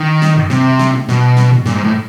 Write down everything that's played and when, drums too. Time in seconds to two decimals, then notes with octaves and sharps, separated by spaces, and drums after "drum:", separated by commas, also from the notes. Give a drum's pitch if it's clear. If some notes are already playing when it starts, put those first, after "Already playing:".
Already playing: D#3
0.22 drum: snare
0.36 drum: tom F2
0.50 C3, drum: snare
0.79 drum: snare
0.94 drum: tom G#3
1.09 B2, drum: snare
1.37 drum: snare
1.51 drum: tom
1.66 A#2, drum: snare
1.75 G#2
1.85 A2